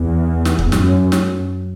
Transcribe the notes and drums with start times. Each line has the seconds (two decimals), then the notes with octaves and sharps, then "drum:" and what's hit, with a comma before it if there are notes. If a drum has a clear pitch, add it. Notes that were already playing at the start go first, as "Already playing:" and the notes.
Already playing: E2
0.45 drum: snare
0.59 drum: kick
0.72 F#2, drum: snare
1.12 drum: snare